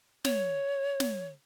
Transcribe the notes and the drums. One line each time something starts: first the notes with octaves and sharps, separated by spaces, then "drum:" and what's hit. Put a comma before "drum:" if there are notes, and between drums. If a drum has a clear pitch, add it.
C#5, drum: snare
drum: snare